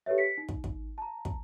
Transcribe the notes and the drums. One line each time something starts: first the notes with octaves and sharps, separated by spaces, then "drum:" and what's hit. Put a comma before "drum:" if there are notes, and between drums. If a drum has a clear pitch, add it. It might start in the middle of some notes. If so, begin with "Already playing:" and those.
G4 A4 B4 C#5 E5
B6 C#7
D#4
drum: kick
drum: kick
A5 A#5
drum: kick